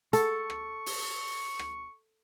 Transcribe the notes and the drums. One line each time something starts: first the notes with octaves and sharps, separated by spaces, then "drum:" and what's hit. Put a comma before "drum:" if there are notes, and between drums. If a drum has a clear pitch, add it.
A4 C#6, drum: hi-hat
drum: rim click
drum: open hi-hat
drum: rim click